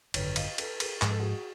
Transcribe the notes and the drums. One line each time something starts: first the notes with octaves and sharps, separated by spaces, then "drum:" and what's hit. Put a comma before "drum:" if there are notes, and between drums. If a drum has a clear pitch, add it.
G#1 F#2 D3 B4 C#5, drum: cymbal
D#5 F5, drum: cymbal
A4 B4, drum: cymbal
G#4 A#4, drum: cymbal
G#2 F3 G#3 G#4, drum: clap
A4
F#4 G#4